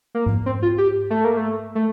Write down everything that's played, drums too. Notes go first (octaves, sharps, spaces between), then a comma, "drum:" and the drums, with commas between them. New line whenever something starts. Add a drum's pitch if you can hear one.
A#3
drum: tom G#2
C4
F4
G4
A3
A#3
A3
A3